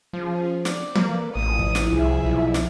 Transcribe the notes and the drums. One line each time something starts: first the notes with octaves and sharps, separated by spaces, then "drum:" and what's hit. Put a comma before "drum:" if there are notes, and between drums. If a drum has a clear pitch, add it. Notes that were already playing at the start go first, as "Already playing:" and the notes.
F3 C#4 F4 G#4
C4 C5 D5, drum: snare
A#3 A4 B4, drum: tom
A1 F3 E4 D#6
drum: kick
drum: snare
C2 G#4 E5
B1
drum: snare